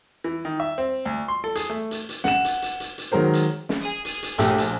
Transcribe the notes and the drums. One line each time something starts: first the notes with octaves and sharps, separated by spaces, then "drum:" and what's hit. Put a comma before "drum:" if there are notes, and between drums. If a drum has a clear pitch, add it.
E3
D#3
E5
C4
D2
C6
A4
G#4, drum: hi-hat
A3
drum: hi-hat
drum: hi-hat
F#5 E7, drum: snare
drum: hi-hat
drum: hi-hat
drum: hi-hat
drum: hi-hat
D#3 F#3 G#3 A#4 C5
drum: hi-hat
drum: snare
G#4 D#6
drum: hi-hat
drum: hi-hat
A#1 A3 G4, drum: hi-hat
drum: hi-hat